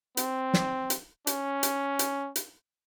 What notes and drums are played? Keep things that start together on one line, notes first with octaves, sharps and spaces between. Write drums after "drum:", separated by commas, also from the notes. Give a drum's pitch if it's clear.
C4, drum: hi-hat
drum: snare
drum: hi-hat
C#4, drum: hi-hat
drum: hi-hat
drum: hi-hat
drum: hi-hat